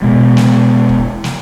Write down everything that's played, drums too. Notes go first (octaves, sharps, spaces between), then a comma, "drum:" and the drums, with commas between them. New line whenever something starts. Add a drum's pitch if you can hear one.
B2 G#3
drum: snare
drum: kick
drum: snare